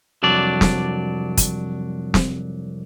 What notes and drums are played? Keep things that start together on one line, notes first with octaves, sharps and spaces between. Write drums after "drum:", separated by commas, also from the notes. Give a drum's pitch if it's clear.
C2 F2 F#3 D4 D5
drum: snare
drum: kick, hi-hat
drum: snare